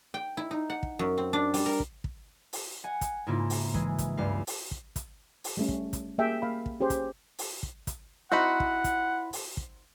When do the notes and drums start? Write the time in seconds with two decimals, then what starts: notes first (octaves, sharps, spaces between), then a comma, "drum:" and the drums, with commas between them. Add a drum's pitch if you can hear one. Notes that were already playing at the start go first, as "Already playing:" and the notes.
0.14 G5
0.37 E4
0.51 D#4
0.70 F#5
0.83 drum: kick
0.99 F#2
1.18 C4
1.33 D4
1.54 G3, drum: open hi-hat
1.66 A#4
1.80 drum: kick
2.04 drum: kick
2.53 drum: open hi-hat
2.84 F#5 G#5
3.01 drum: kick, hi-hat
3.27 G#2 C#3 A#3 E4 F4
3.50 drum: open hi-hat
3.74 E3 G#3, drum: kick
3.98 drum: kick, hi-hat
4.17 C#2 G2 F5
4.47 drum: open hi-hat
4.71 drum: kick
4.96 drum: kick, hi-hat
5.44 drum: open hi-hat
5.57 G3 A3 C#4
5.68 drum: kick
5.93 drum: kick, hi-hat
6.18 A#3 G4 G#4 E5 G5
6.42 A#3 F5 B5
6.66 drum: kick
6.80 C#4 G4 G#4 C5
6.90 drum: kick, hi-hat
7.39 drum: open hi-hat
7.63 drum: kick
7.87 drum: kick, hi-hat
8.32 C4 D#4 E4 F#4 F#5 B5
8.60 drum: kick
8.84 drum: kick, hi-hat
9.33 drum: open hi-hat
9.57 drum: kick